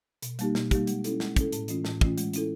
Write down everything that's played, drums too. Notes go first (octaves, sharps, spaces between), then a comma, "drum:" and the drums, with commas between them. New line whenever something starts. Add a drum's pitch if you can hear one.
B2, drum: hi-hat
G3 A#3 D#4 G4, drum: hi-hat
B2, drum: snare
G3 A#3 D#4 G4, drum: kick, hi-hat
G#3, drum: hi-hat
C#4 E4 A4, drum: hi-hat
G#3, drum: snare
C#4 E4 A4, drum: kick, hi-hat
A2, drum: hi-hat
E3 A3 C#4 F4, drum: hi-hat
A2, drum: snare
E3 A3 C#4 F4, drum: kick
G#3, drum: hi-hat
C#4 E4 A4, drum: hi-hat